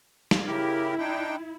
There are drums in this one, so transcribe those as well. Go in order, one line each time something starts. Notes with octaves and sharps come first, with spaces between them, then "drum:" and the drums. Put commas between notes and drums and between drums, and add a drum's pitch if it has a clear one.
drum: snare
C#3 E4 G4 A#4
D4 D#4 G5